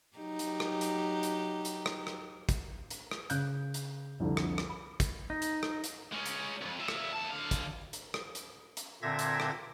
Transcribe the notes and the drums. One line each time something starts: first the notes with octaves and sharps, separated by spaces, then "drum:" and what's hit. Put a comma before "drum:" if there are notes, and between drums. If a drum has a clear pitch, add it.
F#3 D#4 G4
drum: hi-hat
drum: rim click
drum: hi-hat
drum: hi-hat
drum: hi-hat
drum: rim click
drum: rim click
drum: kick, hi-hat
drum: hi-hat
drum: rim click
C#3 F#6 G6, drum: hi-hat
drum: hi-hat
C2 F2 D3
drum: rim click
drum: rim click
B5
drum: kick, hi-hat
D#4
drum: hi-hat
drum: rim click
drum: hi-hat
G#3 C#4
drum: hi-hat
B1 F2
F4 E5
drum: rim click
D#2 A5
D3 F5
drum: kick, hi-hat
drum: hi-hat
drum: rim click
drum: hi-hat
drum: hi-hat
A#2 D3 C4 E5 G#6 A#6
drum: hi-hat
drum: rim click